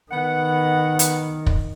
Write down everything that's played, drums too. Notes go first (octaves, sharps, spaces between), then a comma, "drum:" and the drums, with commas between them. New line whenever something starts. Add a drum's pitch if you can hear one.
D#3 B3 F#5
drum: hi-hat
drum: kick